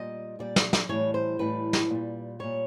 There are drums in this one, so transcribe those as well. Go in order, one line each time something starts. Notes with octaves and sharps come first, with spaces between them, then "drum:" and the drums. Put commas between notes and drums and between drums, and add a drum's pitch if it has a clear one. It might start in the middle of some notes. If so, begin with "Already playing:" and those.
Already playing: A#2 G3 D#5
A#2 G3 D5
drum: snare
drum: snare
A2 E3 G3 C#5
C5
A2 E3 G3 B4
drum: snare
A#2 G3
A#2 G3 C#5